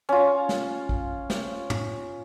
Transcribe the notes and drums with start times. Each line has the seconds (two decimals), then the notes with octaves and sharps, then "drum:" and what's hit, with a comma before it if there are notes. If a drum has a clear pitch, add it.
0.09 C#4 F4
0.49 drum: snare
0.89 drum: kick
1.30 drum: snare
1.70 drum: tom